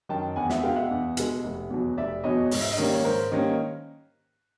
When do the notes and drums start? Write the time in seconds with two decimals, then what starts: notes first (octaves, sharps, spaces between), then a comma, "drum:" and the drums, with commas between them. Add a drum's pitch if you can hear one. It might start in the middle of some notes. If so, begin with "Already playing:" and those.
0.09 F#2 D#3 G5 A5
0.36 E2 F#5 G#5
0.50 E5 F#5, drum: snare
0.63 B2 G#3 F5 G5
0.76 E5 F#5
0.91 E2
1.17 B2 G#3, drum: hi-hat
1.44 F1
1.70 E2 B2 F#3
1.97 F1 D5 E5
2.24 E2 B2 F#3 C#5 D#5
2.51 G#2, drum: open hi-hat
2.61 E5
2.71 D#5
2.78 D#3 G3 A#3 C#4 D5
2.93 C#5
3.04 G#2 A#4 C5
3.32 D#3 G3 A#3 C#4